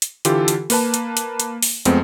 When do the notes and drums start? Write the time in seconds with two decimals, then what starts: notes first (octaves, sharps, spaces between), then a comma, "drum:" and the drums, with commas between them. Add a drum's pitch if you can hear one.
0.02 drum: hi-hat
0.25 D3 E3 F4 G4 A4, drum: hi-hat
0.48 drum: hi-hat
0.70 A#3 B4 A5, drum: open hi-hat
0.94 drum: hi-hat
1.17 drum: hi-hat
1.40 drum: hi-hat
1.63 drum: open hi-hat
1.85 F2 G#3 A3 B3 C4, drum: hi-hat